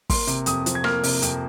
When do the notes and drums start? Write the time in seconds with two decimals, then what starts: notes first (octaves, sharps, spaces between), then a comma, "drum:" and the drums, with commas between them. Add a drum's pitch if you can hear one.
0.10 A#3 C6, drum: kick, open hi-hat
0.27 C3, drum: hi-hat
0.46 F2 D#6, drum: hi-hat
0.66 F3, drum: hi-hat
0.75 G#6
0.84 A#3 F6, drum: rim click
1.04 C3, drum: open hi-hat
1.22 F2, drum: hi-hat